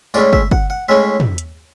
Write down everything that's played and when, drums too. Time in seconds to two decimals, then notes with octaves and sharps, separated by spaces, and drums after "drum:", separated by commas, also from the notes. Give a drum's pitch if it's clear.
0.14 A2 G#3 C#4 E4 D5, drum: tambourine
0.33 E5, drum: kick
0.51 F#5, drum: kick
0.70 F#5
0.88 A2 G#3 C#4 E4 E5
1.20 drum: tom
1.38 drum: hi-hat